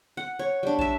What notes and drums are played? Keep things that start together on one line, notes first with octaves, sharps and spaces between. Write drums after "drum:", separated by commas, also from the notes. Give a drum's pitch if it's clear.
F#5
C#5
G3 D4
E5 A5, drum: kick